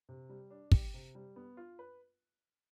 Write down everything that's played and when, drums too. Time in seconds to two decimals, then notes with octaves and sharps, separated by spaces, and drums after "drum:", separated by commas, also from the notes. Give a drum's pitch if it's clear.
0.09 C3
0.29 G3
0.50 D4
0.72 G4, drum: kick
0.94 C3
1.15 G3
1.36 B3
1.57 F4
1.79 B4